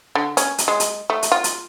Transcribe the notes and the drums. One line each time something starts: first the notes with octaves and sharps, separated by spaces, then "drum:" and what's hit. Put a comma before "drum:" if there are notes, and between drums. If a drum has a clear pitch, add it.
D3
C#4, drum: hi-hat
drum: hi-hat
G#3
drum: hi-hat
A3
drum: hi-hat
F4
drum: hi-hat